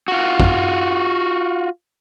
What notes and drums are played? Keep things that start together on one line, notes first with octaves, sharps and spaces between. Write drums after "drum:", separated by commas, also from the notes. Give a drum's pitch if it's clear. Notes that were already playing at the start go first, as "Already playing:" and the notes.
F4 F#4
drum: kick A1